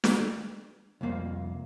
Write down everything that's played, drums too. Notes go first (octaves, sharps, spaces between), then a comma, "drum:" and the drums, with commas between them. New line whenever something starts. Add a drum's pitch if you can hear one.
drum: snare
C2 F2 A#3 F5